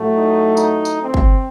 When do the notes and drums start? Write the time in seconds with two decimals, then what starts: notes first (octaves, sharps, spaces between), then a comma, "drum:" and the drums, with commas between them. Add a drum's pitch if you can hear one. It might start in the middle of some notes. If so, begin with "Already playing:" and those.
Already playing: A2 F#3 A3
0.13 D#4
0.57 D#4, drum: tambourine
0.85 drum: tambourine
1.00 C4
1.14 drum: kick